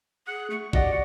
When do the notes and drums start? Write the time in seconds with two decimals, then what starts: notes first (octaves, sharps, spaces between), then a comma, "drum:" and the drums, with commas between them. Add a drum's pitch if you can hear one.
0.27 G#4 F#5
0.50 A3 C#6
0.73 F#4 G4 D5 D#5 F#5, drum: kick